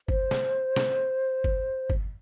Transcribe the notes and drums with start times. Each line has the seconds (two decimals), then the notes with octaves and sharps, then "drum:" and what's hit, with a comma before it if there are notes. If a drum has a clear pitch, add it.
0.08 C5, drum: kick G1
0.31 drum: snare
0.76 drum: snare
1.44 drum: kick G1
1.90 drum: kick G1